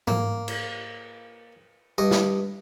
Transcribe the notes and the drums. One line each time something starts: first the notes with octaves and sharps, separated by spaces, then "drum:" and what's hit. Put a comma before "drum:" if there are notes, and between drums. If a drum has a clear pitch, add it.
A#3, drum: tom G#2
drum: cymbal
G2 D#5
drum: snare